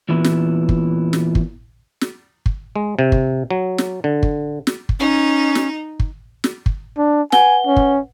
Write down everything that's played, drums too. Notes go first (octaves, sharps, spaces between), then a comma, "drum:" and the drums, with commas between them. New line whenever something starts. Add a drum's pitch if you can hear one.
E2 A#2 E3 E4
drum: snare
drum: kick
drum: snare
drum: kick
drum: snare
drum: kick
G#3
C3
drum: kick
F#3
drum: snare
D3
drum: kick
drum: snare
drum: kick
C#4 D#4
drum: snare
drum: kick
drum: snare
drum: kick
D4
B4 F#5 G#5 G7, drum: snare
C#4
drum: kick